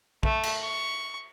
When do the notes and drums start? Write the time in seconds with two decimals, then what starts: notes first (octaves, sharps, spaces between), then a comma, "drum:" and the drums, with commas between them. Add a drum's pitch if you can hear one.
0.23 A3, drum: kick
0.43 drum: cymbal
0.63 C#6